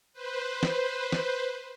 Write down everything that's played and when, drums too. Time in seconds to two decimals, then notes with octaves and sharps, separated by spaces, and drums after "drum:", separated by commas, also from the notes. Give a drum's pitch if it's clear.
0.13 B4 C5
0.63 drum: snare
1.12 drum: snare